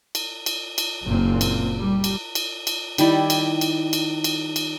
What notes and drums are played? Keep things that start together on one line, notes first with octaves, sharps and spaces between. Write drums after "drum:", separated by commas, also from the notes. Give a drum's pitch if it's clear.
drum: cymbal
drum: cymbal
drum: cymbal
F#1 A#2 C4
drum: cymbal
G3
drum: cymbal
drum: cymbal
drum: cymbal
D#3 G3 E4 D5, drum: cymbal
drum: cymbal
drum: cymbal
drum: cymbal
drum: cymbal
drum: cymbal